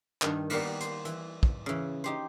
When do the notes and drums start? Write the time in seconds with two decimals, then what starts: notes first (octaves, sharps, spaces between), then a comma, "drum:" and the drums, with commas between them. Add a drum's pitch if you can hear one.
0.22 G2 D#3, drum: clap
0.50 G3 A#3 B3 F5 F#5, drum: cymbal
0.80 C5, drum: hi-hat
1.05 E3, drum: hi-hat
1.43 drum: kick
1.66 C#3 E3
2.04 D#4 G4 C5